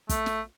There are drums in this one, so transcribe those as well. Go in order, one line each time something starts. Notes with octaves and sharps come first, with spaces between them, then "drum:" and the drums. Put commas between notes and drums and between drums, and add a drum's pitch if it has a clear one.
A3, drum: kick, hi-hat
drum: snare